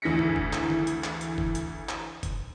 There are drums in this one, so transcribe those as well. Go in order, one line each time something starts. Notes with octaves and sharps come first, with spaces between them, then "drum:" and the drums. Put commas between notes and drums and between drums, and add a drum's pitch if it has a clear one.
D2 E3 G#4 A#6 B6 C#7
drum: tom F#2
drum: kick
drum: clap
drum: tom D#3
drum: hi-hat
drum: clap
drum: hi-hat
drum: kick
drum: hi-hat
drum: clap
drum: kick, hi-hat